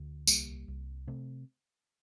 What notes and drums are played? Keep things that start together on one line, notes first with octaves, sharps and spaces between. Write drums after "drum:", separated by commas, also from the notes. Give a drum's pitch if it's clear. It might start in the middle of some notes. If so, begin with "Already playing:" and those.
Already playing: D2
C2 G3 A#3, drum: tambourine
C2
C3 A3 C4